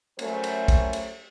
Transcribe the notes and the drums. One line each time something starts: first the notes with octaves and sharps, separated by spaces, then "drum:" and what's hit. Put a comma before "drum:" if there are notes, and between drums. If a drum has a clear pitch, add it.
F#3 G3 A3 C#4 A#4 C5, drum: cymbal
drum: cymbal
drum: kick, cymbal
drum: cymbal